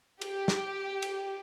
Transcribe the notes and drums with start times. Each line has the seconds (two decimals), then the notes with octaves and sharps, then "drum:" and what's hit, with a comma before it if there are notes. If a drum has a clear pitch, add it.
0.21 G4, drum: cymbal
0.48 drum: snare
1.02 drum: cymbal